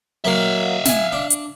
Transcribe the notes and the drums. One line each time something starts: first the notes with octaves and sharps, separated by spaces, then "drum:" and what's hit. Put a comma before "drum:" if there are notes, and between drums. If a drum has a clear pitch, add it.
F#3 A#3 E5 F5
E4 G#5, drum: snare
D4
drum: hi-hat